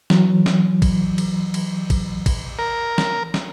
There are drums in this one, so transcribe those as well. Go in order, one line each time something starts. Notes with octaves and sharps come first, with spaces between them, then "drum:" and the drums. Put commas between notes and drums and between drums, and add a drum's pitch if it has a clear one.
E3 F#3, drum: snare
drum: snare
drum: kick, cymbal
drum: cymbal
drum: cymbal
drum: kick, cymbal
drum: kick, cymbal
A#4
drum: snare
drum: snare